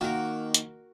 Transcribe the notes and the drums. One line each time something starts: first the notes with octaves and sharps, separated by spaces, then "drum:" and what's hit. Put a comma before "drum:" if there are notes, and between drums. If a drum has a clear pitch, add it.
D#3 A#3 F#4 A#4
drum: hi-hat